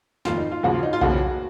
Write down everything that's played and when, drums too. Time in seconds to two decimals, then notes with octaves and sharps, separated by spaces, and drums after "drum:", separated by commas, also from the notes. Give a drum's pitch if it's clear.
0.25 F1 D#2 D#3 F4, drum: snare
0.38 D#4
0.51 F4
0.63 D#2 C#3 F3 F#4
0.74 F4
0.83 D#4
0.93 F4
1.01 F1 D#2 C#3 F3 F#4, drum: kick B1